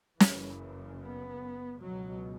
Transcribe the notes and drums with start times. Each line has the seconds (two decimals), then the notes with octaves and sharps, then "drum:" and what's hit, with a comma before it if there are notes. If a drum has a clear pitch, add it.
0.20 F#1 F#2 C#3 E3, drum: snare
1.00 B3
1.78 C#2 B2 F#3